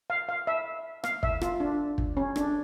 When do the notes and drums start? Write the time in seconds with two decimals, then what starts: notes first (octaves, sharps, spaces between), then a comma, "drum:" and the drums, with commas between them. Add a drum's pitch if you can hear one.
0.10 F5
0.29 F5
0.47 E5
1.04 F5, drum: rim click
1.23 E5, drum: kick
1.41 F4, drum: rim click
1.60 D4
1.98 drum: kick
2.17 C#4
2.36 D4, drum: rim click